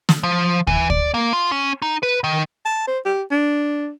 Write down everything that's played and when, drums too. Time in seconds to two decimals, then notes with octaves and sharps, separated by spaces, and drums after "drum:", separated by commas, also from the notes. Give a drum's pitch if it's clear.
0.09 drum: snare
0.23 F3
0.67 E3, drum: kick
0.90 D5, drum: kick
1.14 A#3
1.33 F4
1.52 C#4
1.82 D#4
2.03 B4
2.24 D#3
2.65 A5
2.87 C5
3.05 G4
3.31 D4